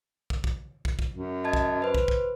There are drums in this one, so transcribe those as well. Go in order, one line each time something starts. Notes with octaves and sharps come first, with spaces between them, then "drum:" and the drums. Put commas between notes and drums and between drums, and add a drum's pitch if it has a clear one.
drum: kick
drum: kick
drum: kick
drum: kick
F#2
D#5 A5 G#6
drum: kick
B4 C5
drum: kick
drum: kick